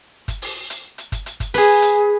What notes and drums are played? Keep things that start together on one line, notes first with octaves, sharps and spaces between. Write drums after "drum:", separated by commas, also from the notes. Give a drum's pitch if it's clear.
drum: kick G1, hi-hat
drum: open hi-hat
drum: hi-hat
drum: hi-hat
drum: kick G1, hi-hat
drum: hi-hat
drum: kick G1, hi-hat
G#4 B4, drum: open hi-hat
drum: hi-hat